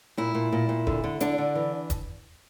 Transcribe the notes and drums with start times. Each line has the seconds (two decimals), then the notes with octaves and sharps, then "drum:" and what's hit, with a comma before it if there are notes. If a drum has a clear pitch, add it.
0.17 A#2 E4
0.35 A#2
0.52 A#2
0.69 A#2
0.87 D3, drum: kick D#1
1.04 D3
1.20 D3 D4, drum: hi-hat
1.38 D3
1.55 E3
1.90 drum: kick D#1, hi-hat